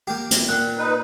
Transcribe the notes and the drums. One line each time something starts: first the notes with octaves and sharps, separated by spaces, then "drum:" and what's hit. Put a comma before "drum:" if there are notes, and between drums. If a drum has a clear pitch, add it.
A#3 G4 G5
drum: hi-hat
A#2 G5 F#6
D#4 B4